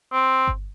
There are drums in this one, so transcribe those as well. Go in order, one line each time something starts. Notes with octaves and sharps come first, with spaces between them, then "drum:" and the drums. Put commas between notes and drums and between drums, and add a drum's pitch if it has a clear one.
C4
drum: kick G1